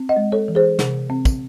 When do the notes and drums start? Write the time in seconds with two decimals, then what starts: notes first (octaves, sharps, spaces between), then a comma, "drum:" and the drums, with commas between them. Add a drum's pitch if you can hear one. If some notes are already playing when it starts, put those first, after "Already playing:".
Already playing: C4
0.09 D#5 F#5
0.16 G#3
0.32 A4 C#5
0.48 E3
0.55 G#4 C5
0.79 C3, drum: snare
1.10 C4
1.25 drum: kick, tambourine